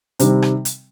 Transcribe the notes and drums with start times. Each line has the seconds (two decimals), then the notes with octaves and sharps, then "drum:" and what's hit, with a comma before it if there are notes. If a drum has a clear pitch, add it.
0.19 C3 D#3 G3 C4, drum: hi-hat
0.42 drum: rim click
0.65 drum: hi-hat